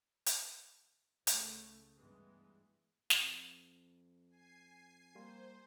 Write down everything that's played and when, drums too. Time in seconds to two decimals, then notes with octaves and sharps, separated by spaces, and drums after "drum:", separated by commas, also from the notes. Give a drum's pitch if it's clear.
0.26 drum: hi-hat
1.27 C#2 C#3 A3, drum: hi-hat
1.96 G2 E3 G#3 B3
3.10 drum: snare
3.20 F2
4.29 G#5 C7
5.15 G3 A#3 C5 C6